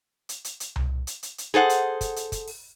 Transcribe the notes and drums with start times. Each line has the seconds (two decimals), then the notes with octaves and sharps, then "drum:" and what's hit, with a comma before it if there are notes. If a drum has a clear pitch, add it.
0.29 drum: hi-hat
0.44 drum: hi-hat
0.60 drum: hi-hat
0.76 drum: tom C2
1.07 drum: hi-hat
1.23 drum: hi-hat
1.38 drum: hi-hat
1.54 G#4 A4 C5 F#5
1.69 drum: hi-hat
2.01 drum: kick, hi-hat
2.16 drum: hi-hat
2.32 drum: kick, hi-hat
2.48 drum: open hi-hat